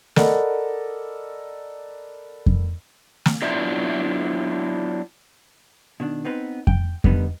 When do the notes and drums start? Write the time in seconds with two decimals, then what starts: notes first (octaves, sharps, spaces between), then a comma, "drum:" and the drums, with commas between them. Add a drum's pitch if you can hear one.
0.16 A4 A#4 D5 D#5 F#5 B5, drum: snare
2.46 drum: kick F2
3.26 drum: snare
3.42 F#3 B3 D4 E4 F4 E5
6.00 B2 D#3 D4
6.25 B3 C4 D#4 B4
6.67 G5, drum: kick F2
7.04 G2 D3 D#3 G3 B3 D#4, drum: kick F2